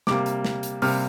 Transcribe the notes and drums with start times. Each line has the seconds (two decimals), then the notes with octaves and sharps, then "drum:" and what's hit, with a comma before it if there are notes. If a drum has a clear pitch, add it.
0.07 C3 G3 A#3 D6, drum: snare
0.26 drum: hi-hat
0.45 drum: snare
0.63 drum: hi-hat
0.82 C3 G3 A#3 F6, drum: open hi-hat